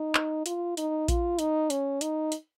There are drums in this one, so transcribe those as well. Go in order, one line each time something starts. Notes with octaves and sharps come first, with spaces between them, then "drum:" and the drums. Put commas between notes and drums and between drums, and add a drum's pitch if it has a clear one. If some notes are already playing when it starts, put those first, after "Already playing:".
Already playing: D#4
drum: clap
F4, drum: hi-hat
D#4, drum: hi-hat
F4, drum: kick A#1, hi-hat
D#4, drum: hi-hat
C#4, drum: hi-hat
D#4, drum: hi-hat
drum: hi-hat